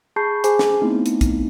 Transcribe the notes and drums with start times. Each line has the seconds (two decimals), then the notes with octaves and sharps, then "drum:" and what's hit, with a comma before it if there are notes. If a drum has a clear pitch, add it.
0.16 G#4 A5 B5 C#6 G6 C7
0.44 G#4 C5 G#5 D6, drum: hi-hat
0.59 drum: snare
0.81 A3 B3 C4 D#4 E4
1.06 drum: hi-hat
1.21 drum: kick, hi-hat